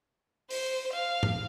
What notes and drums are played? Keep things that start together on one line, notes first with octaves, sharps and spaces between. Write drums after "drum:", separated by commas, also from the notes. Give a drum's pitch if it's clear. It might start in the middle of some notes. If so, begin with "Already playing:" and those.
C5, drum: open hi-hat
F5
drum: tom G#2